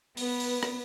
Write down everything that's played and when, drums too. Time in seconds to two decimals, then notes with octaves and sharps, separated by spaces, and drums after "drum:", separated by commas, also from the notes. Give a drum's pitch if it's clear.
0.17 B3 B4, drum: open hi-hat
0.40 drum: open hi-hat
0.63 drum: rim click